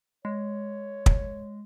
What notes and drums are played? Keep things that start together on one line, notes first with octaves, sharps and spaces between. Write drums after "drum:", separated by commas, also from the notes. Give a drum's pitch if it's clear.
G#3 C#5
drum: kick